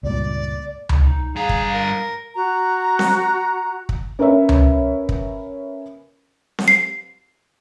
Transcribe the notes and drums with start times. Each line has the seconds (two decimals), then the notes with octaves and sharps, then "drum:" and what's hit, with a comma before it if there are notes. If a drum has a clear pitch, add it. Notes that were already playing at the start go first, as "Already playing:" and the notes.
0.03 C#2 G2 A#2 D5
0.89 drum: tom C#2
1.04 D#4
1.36 G2 G#4 F5 A#5
1.49 drum: kick
1.74 A#4
2.35 F#4 A#5
2.99 drum: snare C4
3.89 drum: kick
4.19 C#4 A#4 B4 C#5 E5
4.49 drum: tom C#2
5.09 drum: kick
6.59 drum: snare C4
6.68 C7